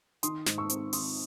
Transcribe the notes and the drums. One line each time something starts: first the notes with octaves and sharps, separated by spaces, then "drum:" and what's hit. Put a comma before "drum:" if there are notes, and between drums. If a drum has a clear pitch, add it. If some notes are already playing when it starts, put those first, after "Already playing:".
D#3 C6 D#6, drum: hi-hat
G#2, drum: snare
C#6 E6
C4, drum: hi-hat
D#3 C6 D#6, drum: open hi-hat